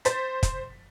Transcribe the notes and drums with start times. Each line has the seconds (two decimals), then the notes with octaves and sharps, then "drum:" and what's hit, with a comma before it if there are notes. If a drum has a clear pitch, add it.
0.05 C5 A6 B6, drum: hi-hat
0.43 drum: kick, hi-hat